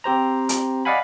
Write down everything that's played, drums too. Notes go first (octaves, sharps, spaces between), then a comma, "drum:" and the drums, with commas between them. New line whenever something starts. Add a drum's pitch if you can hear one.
C4 G4 C5 A#5
drum: hi-hat
D5 D#5 F5 F#5 G#5 B5